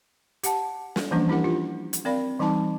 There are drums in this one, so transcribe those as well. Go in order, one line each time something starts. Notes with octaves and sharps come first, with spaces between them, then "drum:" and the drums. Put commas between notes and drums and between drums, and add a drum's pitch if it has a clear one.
G4 F#5 A5, drum: hi-hat
drum: snare
E3 F3 G3 A#3 C#4 D4
D4 E4 G4 A#4 F#5
F4 G4
drum: hi-hat
C4 A#4 D5 F5 B5
E3 G3 C4 D#4 A5 D6